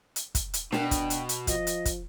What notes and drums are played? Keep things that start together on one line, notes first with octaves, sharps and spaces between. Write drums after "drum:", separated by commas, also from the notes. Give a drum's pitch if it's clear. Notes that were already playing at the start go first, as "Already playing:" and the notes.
drum: hi-hat
drum: kick, hi-hat
drum: hi-hat
B2 D4 G5, drum: snare
drum: kick, hi-hat
drum: hi-hat
drum: hi-hat
F3 D#5, drum: kick, hi-hat
drum: hi-hat
drum: kick, hi-hat